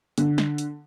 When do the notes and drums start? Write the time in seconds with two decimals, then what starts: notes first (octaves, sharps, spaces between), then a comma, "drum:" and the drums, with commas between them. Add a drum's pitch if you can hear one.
0.18 D3, drum: hi-hat
0.38 drum: snare
0.58 drum: hi-hat